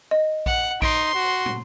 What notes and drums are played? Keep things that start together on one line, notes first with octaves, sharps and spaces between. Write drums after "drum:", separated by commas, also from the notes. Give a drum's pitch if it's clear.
D#5
F#5, drum: kick A#1
D#4 C6 D7, drum: kick A#1
F#4
drum: tom